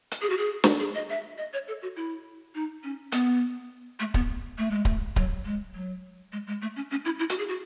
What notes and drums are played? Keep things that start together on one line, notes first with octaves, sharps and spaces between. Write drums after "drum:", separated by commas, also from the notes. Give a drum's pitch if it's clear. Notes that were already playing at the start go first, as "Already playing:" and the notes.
drum: hi-hat
G#4
F#4
G#4
drum: snare
G#4
D#5
E5
D#5
C#5
A4
F#4
E4
D#4
C#4
B3, drum: hi-hat
A3
B3, drum: kick D1
A3
G#3
A3, drum: kick D1
F#3, drum: kick D1
G#3
F#3
G#3
G#3
A3
C#4
C#4
E4
E4
F#4, drum: hi-hat
G#4
F#4